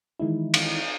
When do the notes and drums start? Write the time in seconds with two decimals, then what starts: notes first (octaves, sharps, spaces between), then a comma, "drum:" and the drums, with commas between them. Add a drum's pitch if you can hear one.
0.20 D#3 E3 G#3 D#4 E4
0.54 drum: cymbal